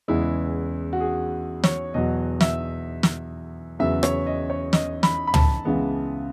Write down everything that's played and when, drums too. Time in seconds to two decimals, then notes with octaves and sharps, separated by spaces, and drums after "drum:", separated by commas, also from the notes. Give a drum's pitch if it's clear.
0.08 E2 C#3 G#3 B3 E4
0.93 F#4
1.01 G#4
1.64 C#5, drum: snare
1.94 E2 B2 F#3 D#5
2.41 E5, drum: snare
3.03 drum: snare
3.79 E2 C#3 F#3 B3 E5
4.03 C#5, drum: rim click
4.26 D#5
4.50 C#5
4.73 D#5, drum: snare
5.03 B5, drum: snare
5.27 B5
5.34 A5, drum: tom
5.65 C#2 C#3 E3 G#3 B3